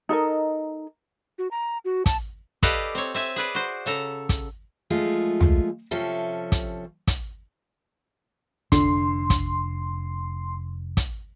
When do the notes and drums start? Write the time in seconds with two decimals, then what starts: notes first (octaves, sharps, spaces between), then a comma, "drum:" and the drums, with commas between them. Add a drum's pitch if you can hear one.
0.09 D#4 A4 A#4 D#5
1.38 F#4
1.51 A#5
1.85 F#4
2.06 A5, drum: kick, hi-hat
2.63 G4 A4 B4 D5 D#5 F5, drum: kick, hi-hat
2.95 C4 C#5
3.14 C4 E5 G#5
3.36 G#4 B4 D5
3.55 F#4 C5
3.86 C#3 A4 A#5
4.29 drum: kick, hi-hat
4.90 F3 G#3 A3 F4 G#4
5.41 drum: tom
5.91 C3 F3 C#4 A4 E5
6.52 drum: kick, hi-hat
7.07 drum: kick, hi-hat
8.72 F1 D3 C6, drum: kick, hi-hat
9.30 drum: kick, hi-hat
10.97 drum: kick, hi-hat